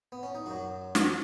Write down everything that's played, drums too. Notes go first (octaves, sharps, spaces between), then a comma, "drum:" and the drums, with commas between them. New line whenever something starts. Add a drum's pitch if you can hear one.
B3
C#4
D#4
F#2 F#3 F#4
drum: snare